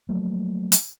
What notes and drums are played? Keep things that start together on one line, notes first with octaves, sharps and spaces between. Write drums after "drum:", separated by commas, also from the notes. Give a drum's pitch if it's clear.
F3 F#3 A3 A#3
drum: hi-hat